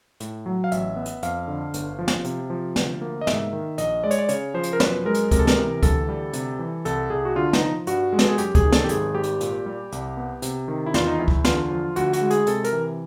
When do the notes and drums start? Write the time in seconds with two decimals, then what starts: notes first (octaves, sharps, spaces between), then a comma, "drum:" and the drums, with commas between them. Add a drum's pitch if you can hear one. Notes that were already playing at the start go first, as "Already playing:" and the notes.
0.20 A2, drum: hi-hat
0.46 F#3
0.64 F5
0.72 A1 E5, drum: hi-hat
0.96 B3
1.05 drum: hi-hat
1.23 F2 F5, drum: hi-hat
1.48 D3
1.74 G1, drum: hi-hat
1.99 F3
2.08 drum: snare
2.24 C3, drum: hi-hat
2.50 F3
2.76 D2, drum: snare
3.01 A#3
3.21 D#5
3.27 G#2 E5, drum: snare
3.53 D#3
3.78 A#1 D#5, drum: hi-hat
4.04 G#3 D5
4.11 C#5, drum: hi-hat
4.19 D5
4.29 C#3 C#5, drum: hi-hat
4.54 F3 C5
4.63 drum: hi-hat
4.73 A#4
4.80 F#2 B4, drum: snare
5.05 G#3 A#4
5.14 drum: hi-hat
5.31 C3 A#4, drum: kick C#2, hi-hat
5.39 A4
5.47 A#4, drum: snare
5.57 E3
5.83 D2 A4, drum: kick C#2, hi-hat
6.09 G3
6.33 C3, drum: hi-hat
6.59 E3
6.85 C2 A4, drum: hi-hat
7.10 C2 G#4
7.25 F#4
7.36 D3 F4
7.53 D#4, drum: snare
7.61 F3
7.87 G2 F#4, drum: hi-hat
8.13 G#3
8.19 A4, drum: snare
8.28 G#4
8.38 F#2 G4, drum: hi-hat
8.55 G#4, drum: kick C#2, hi-hat
8.64 D#3
8.72 A4, drum: snare
8.84 G4
8.89 G#1 G#4, drum: hi-hat
9.14 G3 G4
9.23 drum: hi-hat
9.41 A#2, drum: hi-hat
9.66 G3
9.92 C2, drum: hi-hat
10.17 B3
10.42 C3, drum: hi-hat
10.68 D#3
10.86 E4
10.94 E2 F4, drum: snare
11.07 D#4
11.19 E2 E4
11.28 drum: kick C#2
11.45 D3 F4, drum: snare
11.71 F3
11.96 D2 F#4, drum: hi-hat
12.13 F#4, drum: hi-hat
12.21 G#3
12.31 G#4, drum: hi-hat
12.47 C3 A4, drum: hi-hat
12.64 A#4, drum: hi-hat
12.73 E3